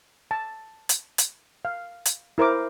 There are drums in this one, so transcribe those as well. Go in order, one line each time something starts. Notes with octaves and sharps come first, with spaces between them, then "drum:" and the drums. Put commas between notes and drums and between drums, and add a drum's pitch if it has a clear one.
A5
drum: hi-hat
drum: hi-hat
F5
drum: hi-hat
E4 A#4 C5 D6